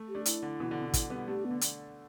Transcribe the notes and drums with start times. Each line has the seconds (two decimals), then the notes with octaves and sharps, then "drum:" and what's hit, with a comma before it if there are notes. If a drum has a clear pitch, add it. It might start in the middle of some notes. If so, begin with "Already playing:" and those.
Already playing: A3
0.09 G4
0.15 A3 D4
0.26 E4, drum: hi-hat
0.43 D3
0.60 B2 E3
0.71 D3
0.82 B2
0.94 drum: kick, hi-hat
1.10 G3 B3
1.27 A3 D4 G4
1.45 B3
1.51 D3
1.61 drum: hi-hat